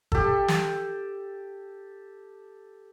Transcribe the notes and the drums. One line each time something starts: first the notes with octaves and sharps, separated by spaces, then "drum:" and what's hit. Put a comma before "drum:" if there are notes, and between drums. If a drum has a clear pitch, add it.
G4 A4, drum: kick
drum: snare